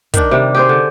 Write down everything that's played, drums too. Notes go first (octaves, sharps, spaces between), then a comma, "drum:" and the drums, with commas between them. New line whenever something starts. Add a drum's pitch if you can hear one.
D#3 D4, drum: kick, hi-hat
C3 G3
G4 G#4 C5
D3